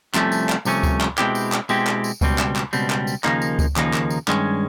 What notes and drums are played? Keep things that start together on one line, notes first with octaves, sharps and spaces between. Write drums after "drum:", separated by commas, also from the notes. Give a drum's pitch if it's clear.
C2 C3 F3 A3 C#4, drum: clap
drum: tambourine
drum: clap
C2 C3 F3 A3 C#4, drum: tambourine
drum: kick C#2, tambourine
drum: clap
B2 G#3 C4 E4 G4, drum: clap
drum: tambourine
drum: clap
B2 G#3 C4 E4 G4, drum: tambourine
drum: clap
drum: tambourine
C#2 B2 G3 C4, drum: kick C#2, tambourine
drum: clap
drum: clap
C#2 B2 G3 C4, drum: tambourine
drum: clap
drum: tambourine
D#2 C#3 F3 A#3 D#4, drum: clap
drum: tambourine
drum: kick C#2, tambourine
D#2 C#3 F3 A#3 D#4, drum: clap
drum: clap
drum: tambourine
G2 D#3 G#3 C#4, drum: clap